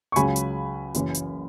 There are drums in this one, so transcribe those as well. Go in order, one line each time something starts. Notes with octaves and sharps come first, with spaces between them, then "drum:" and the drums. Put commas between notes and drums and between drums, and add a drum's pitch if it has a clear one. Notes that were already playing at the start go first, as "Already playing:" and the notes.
C#6
C#2 C#3 F#3 G#5 B5, drum: hi-hat
drum: hi-hat
F#1 F#2 E3, drum: hi-hat
drum: hi-hat